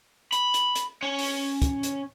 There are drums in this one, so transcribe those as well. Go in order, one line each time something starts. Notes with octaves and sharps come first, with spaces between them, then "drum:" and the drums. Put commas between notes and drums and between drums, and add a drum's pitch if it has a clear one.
B5, drum: hi-hat
drum: hi-hat
drum: hi-hat
C#4 C#5
drum: open hi-hat
drum: kick, hi-hat
drum: hi-hat